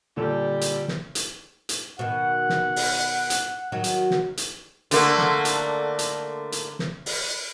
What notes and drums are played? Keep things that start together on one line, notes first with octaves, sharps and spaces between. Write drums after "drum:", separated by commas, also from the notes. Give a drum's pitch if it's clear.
A#2 D3 G3 A4
drum: hi-hat
drum: snare
drum: hi-hat
drum: hi-hat
B2 D#3 F#5
drum: snare
drum: open hi-hat
drum: hi-hat
D#3 F#3 F#4
drum: hi-hat
drum: snare
drum: hi-hat
D3 A3 A#3, drum: hi-hat
drum: snare
drum: hi-hat
drum: hi-hat
drum: hi-hat
drum: snare
drum: open hi-hat